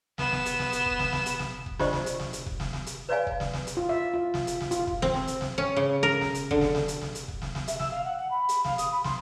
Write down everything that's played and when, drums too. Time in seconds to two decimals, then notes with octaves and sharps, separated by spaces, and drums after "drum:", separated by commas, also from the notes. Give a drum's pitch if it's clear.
0.18 B3 E7, drum: snare
0.32 drum: snare
0.46 drum: hi-hat
0.59 drum: snare
0.72 drum: hi-hat
0.86 drum: kick
0.99 drum: snare
1.12 drum: snare
1.26 drum: hi-hat
1.39 drum: snare
1.66 drum: kick
1.79 D4 F4 G4 C5 D5 D#5, drum: snare
1.93 drum: snare
2.06 drum: hi-hat
2.20 drum: snare
2.33 drum: hi-hat
2.46 drum: kick
2.60 drum: snare
2.73 drum: snare
2.86 drum: hi-hat
3.09 B4 C#5 D5 F5 G#5
3.27 drum: kick
3.40 drum: snare
3.53 drum: snare
3.67 drum: hi-hat
3.77 F4
3.89 E5
4.14 F4
4.34 drum: snare
4.47 drum: hi-hat
4.60 drum: snare
4.71 F4, drum: hi-hat
4.87 drum: kick
5.02 C4, drum: snare
5.14 drum: snare
5.27 drum: hi-hat
5.41 drum: snare
5.58 C#4
5.77 C#3
6.03 A#4
6.21 drum: snare
6.34 drum: hi-hat
6.51 D3, drum: kick
6.61 drum: snare
6.75 drum: snare
6.88 drum: hi-hat
7.01 drum: snare
7.15 drum: hi-hat
7.28 drum: kick
7.42 drum: snare
7.55 drum: snare
7.68 E5, drum: hi-hat
7.79 E6, drum: snare
7.91 F5
8.05 F#5
8.18 F#5
8.31 B5
8.49 drum: hi-hat
8.64 F5, drum: snare
8.78 D#6, drum: hi-hat
8.92 B5
9.04 C6, drum: snare